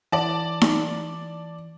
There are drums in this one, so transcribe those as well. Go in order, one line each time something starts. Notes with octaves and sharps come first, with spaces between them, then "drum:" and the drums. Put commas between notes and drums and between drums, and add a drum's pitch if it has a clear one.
E3 D5 A5
drum: snare D#4